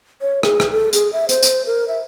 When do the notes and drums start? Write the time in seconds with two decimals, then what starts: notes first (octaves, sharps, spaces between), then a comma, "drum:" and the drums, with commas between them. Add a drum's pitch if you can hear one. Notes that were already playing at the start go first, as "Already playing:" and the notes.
0.21 C#5
0.43 G#4, drum: rim click
0.60 drum: rim click
0.72 A4
0.93 G#4, drum: hi-hat
1.13 E5
1.29 C5, drum: hi-hat
1.43 drum: hi-hat
1.67 A#4
1.88 E5